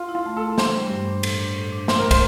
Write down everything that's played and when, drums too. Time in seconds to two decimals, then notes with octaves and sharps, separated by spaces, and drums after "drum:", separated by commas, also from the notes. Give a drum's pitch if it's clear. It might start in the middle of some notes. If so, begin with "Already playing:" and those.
Already playing: F4
0.09 E4
0.15 F4
0.26 A3
0.36 A4
0.42 E4
0.58 D4 C5, drum: snare
0.74 G3
0.90 G2
1.07 D4
1.23 A2, drum: cymbal
1.40 D4
1.56 A2
1.72 D4
1.88 A3 C5, drum: snare
1.99 D4 A#4
2.11 C5, drum: kick, cymbal